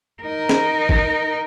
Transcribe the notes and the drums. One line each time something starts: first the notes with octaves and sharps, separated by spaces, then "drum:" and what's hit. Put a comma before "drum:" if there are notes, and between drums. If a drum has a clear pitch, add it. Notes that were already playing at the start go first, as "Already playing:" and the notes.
D#4 A#4
drum: snare
drum: kick